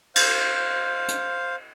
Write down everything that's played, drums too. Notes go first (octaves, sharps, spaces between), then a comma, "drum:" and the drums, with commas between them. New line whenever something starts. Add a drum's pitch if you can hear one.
C5 F5, drum: cymbal
drum: hi-hat